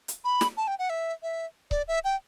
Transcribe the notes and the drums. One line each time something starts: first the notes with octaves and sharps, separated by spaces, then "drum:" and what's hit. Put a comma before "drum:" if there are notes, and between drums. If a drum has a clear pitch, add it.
drum: hi-hat
B5
drum: snare
A5
G5
F#5
E5
E5
D5, drum: kick C#1
E5
G5